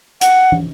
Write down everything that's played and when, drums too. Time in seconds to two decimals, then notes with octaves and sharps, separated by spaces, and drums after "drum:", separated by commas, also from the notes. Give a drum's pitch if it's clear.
0.21 F#5, drum: hi-hat
0.52 drum: tom